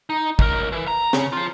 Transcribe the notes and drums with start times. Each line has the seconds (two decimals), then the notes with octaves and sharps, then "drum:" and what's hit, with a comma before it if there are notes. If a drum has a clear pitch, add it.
0.10 D#4
0.39 C#2 A#4, drum: kick
0.72 E3
0.87 A#5
1.13 C#3, drum: snare
1.33 F4 C5